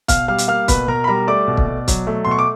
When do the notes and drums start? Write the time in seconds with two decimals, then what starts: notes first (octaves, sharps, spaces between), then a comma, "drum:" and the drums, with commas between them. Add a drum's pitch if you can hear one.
0.08 B2 F5 F6, drum: kick, hi-hat
0.28 G3 F5 F6
0.38 drum: hi-hat
0.48 A#3 F5 F6
0.68 B2 B4 B5, drum: kick, hi-hat
0.88 B2 A#4 A#5
1.04 B5
1.07 G3 A#4 A#5
1.27 A3 D5 D6
1.48 B2
1.57 drum: kick
1.67 B2
1.88 F#3, drum: kick, hi-hat
2.07 A3
2.25 B2 C6
2.31 C#6
2.39 D6